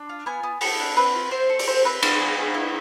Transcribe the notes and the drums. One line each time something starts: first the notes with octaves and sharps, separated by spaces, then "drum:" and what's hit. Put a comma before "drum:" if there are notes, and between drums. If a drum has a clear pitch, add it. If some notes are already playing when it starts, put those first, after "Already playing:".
Already playing: D4
F4
B3 G#5
B3
B3 A4, drum: open hi-hat
D4
C4 B4
F4
C4 C5
A4
D5, drum: open hi-hat
C4 C5
C4 B4
C4, drum: cymbal
G#4
G#4
E4